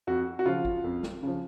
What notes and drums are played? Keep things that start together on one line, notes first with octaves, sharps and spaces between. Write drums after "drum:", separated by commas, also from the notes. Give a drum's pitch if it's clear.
F2 F#4
F#4
C#3 F3 F4
drum: kick G#1
F2
drum: snare
C#3 F3